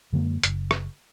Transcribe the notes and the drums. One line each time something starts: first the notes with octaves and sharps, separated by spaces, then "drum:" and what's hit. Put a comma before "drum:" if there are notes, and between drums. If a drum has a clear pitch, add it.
F#2 D3 G#3 A#3
F#1, drum: hi-hat
drum: rim click